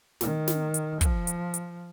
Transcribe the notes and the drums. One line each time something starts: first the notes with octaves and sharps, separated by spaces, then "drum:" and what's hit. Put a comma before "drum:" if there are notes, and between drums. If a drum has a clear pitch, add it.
D#3, drum: snare
drum: snare
drum: hi-hat
F3, drum: kick, hi-hat
drum: hi-hat
drum: hi-hat